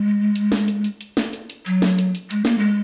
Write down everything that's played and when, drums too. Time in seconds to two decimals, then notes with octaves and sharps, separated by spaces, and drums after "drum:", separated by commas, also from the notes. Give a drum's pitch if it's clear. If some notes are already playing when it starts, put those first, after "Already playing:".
Already playing: G#3
0.35 drum: hi-hat
0.52 drum: snare
0.68 drum: hi-hat
0.84 drum: hi-hat
1.01 drum: hi-hat
1.17 drum: snare
1.33 drum: hi-hat
1.50 drum: hi-hat
1.66 F#3, drum: hi-hat
1.82 drum: snare
1.98 drum: hi-hat
2.15 drum: hi-hat
2.31 G#3, drum: hi-hat
2.45 A#3, drum: snare
2.58 G#3